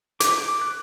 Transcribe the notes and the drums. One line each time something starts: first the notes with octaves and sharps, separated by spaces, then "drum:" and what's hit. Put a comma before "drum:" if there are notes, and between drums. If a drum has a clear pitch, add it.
D6, drum: hi-hat
D6
F#6